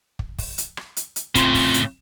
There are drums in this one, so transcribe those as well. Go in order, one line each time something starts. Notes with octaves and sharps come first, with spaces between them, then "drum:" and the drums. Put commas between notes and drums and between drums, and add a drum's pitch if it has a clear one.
drum: kick
drum: kick, open hi-hat
drum: hi-hat
drum: rim click
drum: hi-hat
drum: hi-hat
A2 C#3 C4 F4 C6, drum: kick, hi-hat
drum: kick, open hi-hat
drum: hi-hat